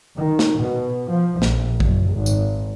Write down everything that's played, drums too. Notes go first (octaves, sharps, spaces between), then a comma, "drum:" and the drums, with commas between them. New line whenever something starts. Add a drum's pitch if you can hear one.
D#3
drum: snare
B2
F3
A#1, drum: snare
F#1, drum: kick
G#1
drum: tambourine